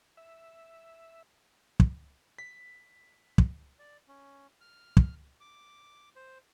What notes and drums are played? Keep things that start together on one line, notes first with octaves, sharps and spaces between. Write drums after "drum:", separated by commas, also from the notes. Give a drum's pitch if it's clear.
E5
drum: kick
B6
drum: kick
D5
C#4
F6
drum: kick
D6
C5